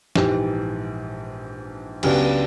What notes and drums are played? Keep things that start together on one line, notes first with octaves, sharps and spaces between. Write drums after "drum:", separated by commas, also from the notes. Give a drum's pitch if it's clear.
A#1 G#2 E3 G4, drum: snare
C#2 C#3 F#3 B3 D4 G4, drum: cymbal